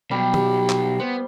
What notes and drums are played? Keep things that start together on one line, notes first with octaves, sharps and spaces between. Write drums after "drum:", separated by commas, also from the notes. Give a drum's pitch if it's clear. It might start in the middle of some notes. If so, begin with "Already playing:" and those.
B2 F#3 G3
G4, drum: tom
drum: clap
B3 C5